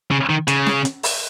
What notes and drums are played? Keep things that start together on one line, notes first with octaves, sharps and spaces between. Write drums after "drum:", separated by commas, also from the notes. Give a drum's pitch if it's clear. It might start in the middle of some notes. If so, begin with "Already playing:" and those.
C#3
D#3
C#3, drum: hi-hat
drum: snare C#4
drum: hi-hat
drum: open hi-hat